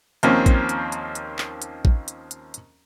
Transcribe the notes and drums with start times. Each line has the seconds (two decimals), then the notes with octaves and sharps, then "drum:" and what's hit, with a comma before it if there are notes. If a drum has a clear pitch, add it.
0.23 D#2 F3 A#3 C4 C#4, drum: hi-hat
0.46 drum: kick, hi-hat
0.69 drum: hi-hat
0.92 drum: hi-hat
1.15 drum: hi-hat
1.38 drum: clap
1.62 drum: hi-hat
1.85 drum: kick
2.08 drum: hi-hat
2.31 drum: hi-hat
2.54 drum: hi-hat